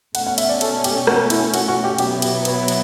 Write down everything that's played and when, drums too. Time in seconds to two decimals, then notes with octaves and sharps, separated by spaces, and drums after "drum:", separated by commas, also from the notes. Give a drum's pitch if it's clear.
0.15 B2 A3 C#4 F#5, drum: cymbal
0.27 F#5
0.38 E5, drum: cymbal
0.49 D5
0.61 A4, drum: cymbal
0.84 G4, drum: cymbal
1.07 F#4, drum: rim click
1.30 E4, drum: cymbal
1.54 F#4, drum: cymbal
1.68 F#4
1.84 G4
1.98 B2 F#3 B3 E4 G4, drum: cymbal
2.22 G4, drum: cymbal
2.45 B4, drum: cymbal
2.68 drum: cymbal